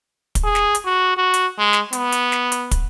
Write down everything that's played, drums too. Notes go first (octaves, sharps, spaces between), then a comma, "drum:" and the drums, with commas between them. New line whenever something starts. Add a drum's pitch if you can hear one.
drum: kick, hi-hat
G#4
drum: snare
drum: hi-hat
F#4
F#4
drum: hi-hat
G#3
drum: snare
B3, drum: hi-hat
drum: hi-hat
drum: snare
drum: hi-hat
drum: kick, hi-hat